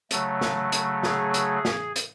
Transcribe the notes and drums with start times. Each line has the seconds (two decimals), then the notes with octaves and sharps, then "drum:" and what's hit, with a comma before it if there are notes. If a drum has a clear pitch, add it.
0.11 C#3 F#3 A3, drum: hi-hat
0.41 drum: snare
0.72 drum: hi-hat
1.03 G#4, drum: snare
1.34 drum: hi-hat
1.65 drum: snare
1.96 drum: hi-hat